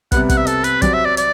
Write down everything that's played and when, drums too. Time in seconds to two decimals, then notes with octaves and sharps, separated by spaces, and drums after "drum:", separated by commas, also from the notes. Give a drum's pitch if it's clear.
0.12 C3 G3 B3 F#5, drum: kick, hi-hat
0.29 F#5, drum: kick, hi-hat
0.38 E5
0.47 A4, drum: hi-hat
0.64 B4, drum: hi-hat
0.82 F#3 C4 G4 D5, drum: kick, hi-hat
0.93 E5
1.05 D5
1.17 D5, drum: hi-hat